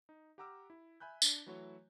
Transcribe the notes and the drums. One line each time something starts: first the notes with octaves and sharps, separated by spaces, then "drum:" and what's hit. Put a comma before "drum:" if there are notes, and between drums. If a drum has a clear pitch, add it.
D#4
G4 F#5 A#5 D6 E6 F6
E4
E5 G#5 B5 F#6 G6
D4, drum: tambourine
E3 F#3 A3 E4 F#4 C#5